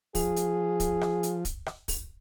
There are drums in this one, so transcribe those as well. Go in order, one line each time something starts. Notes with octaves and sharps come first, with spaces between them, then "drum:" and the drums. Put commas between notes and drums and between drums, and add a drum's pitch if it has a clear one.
F3 G#4, drum: kick, open hi-hat
drum: hi-hat
drum: kick, hi-hat
drum: rim click
drum: hi-hat
drum: kick, hi-hat
drum: rim click
drum: kick, open hi-hat